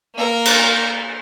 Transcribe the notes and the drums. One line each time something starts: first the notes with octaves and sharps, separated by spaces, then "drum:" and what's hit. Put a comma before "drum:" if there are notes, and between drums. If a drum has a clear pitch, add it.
A#3 A#4
drum: cymbal